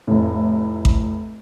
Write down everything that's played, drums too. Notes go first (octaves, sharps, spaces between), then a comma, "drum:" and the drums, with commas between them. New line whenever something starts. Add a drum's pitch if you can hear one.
F1 A2
drum: kick A1